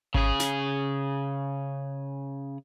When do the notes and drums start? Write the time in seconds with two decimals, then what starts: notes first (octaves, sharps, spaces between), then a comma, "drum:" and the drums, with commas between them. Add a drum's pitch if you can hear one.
0.14 C#3 G#4, drum: kick G#1
0.40 drum: snare